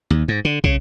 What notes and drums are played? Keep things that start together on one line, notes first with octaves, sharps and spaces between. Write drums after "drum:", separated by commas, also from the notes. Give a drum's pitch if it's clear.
D#2
G#2
D3
C#3, drum: kick